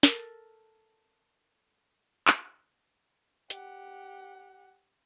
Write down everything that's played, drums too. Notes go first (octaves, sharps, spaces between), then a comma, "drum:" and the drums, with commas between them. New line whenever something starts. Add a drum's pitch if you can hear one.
A4 A#4, drum: snare
drum: clap
G4 F#5, drum: hi-hat